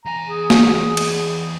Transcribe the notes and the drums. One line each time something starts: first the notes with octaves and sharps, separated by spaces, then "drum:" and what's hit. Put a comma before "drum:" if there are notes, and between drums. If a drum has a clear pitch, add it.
E2 G#5 A#5
G#4
drum: snare
drum: cymbal